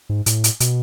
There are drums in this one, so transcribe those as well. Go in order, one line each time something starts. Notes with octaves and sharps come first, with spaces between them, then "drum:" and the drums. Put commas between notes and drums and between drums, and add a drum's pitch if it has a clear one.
G#2
A2, drum: hi-hat
drum: hi-hat
B2, drum: hi-hat